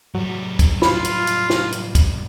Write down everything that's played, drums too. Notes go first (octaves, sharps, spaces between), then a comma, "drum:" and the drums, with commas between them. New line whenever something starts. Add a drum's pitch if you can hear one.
A2 F#3 G3
drum: kick, hi-hat
F4 B5, drum: snare
drum: hi-hat
drum: hi-hat
drum: snare
drum: hi-hat
drum: kick, hi-hat